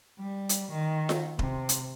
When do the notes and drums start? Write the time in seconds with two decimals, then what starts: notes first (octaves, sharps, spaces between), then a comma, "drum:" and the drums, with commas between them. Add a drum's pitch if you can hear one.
0.19 G3
0.49 drum: hi-hat
0.72 D#3
1.09 drum: snare F4
1.39 C3, drum: kick D#1
1.69 drum: hi-hat